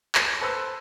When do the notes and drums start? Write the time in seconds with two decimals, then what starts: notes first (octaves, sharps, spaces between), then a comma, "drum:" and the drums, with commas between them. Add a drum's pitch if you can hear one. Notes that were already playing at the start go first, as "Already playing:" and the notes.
0.15 A#6 D#7, drum: clap
0.41 A4 B4 C5 E6